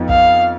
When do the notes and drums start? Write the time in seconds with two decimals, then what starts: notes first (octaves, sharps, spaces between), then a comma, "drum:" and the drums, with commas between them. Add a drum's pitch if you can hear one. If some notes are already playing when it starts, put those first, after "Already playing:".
Already playing: F2 F3 B3 D#4
0.09 F5, drum: kick